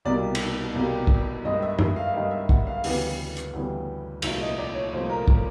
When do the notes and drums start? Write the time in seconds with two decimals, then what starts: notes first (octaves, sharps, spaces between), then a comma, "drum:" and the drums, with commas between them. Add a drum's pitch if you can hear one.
0.05 C2 B2 G3 A#3 D5
0.35 drum: cymbal
0.75 C2 B2 G3 A#3
1.07 drum: kick
1.44 G2 D#3 G#3 D#5
1.62 E5
1.79 E5, drum: tom F#2
1.96 F5
2.13 G2 D#3 G#3 F5
2.31 E5
2.49 F#5, drum: kick
2.67 F5
2.84 D2 C#3 E3 G3 B3, drum: open hi-hat
3.37 drum: hi-hat
3.53 D2 C#3 E3 G3 B3
4.22 C2 A#2 F3 A3 E5, drum: cymbal
4.41 D#5
4.58 D5
4.74 C#5
4.92 C2 A#2 F3 A3 C5
5.09 A#4
5.28 A#4, drum: kick